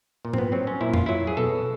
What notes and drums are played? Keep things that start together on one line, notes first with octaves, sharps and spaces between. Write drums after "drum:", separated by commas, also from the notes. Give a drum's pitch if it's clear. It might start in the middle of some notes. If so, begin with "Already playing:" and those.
A#2
C4, drum: tom
B3
F#3 C4
C#4
A#2 E4
F4, drum: tom F2
F#3 E4
G#4
B2 A4